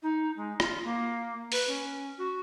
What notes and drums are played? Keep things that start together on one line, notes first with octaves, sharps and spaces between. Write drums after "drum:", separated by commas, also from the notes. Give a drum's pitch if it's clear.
D#4
G#3
F4, drum: rim click
A#3
B4, drum: open hi-hat
C#4
F#4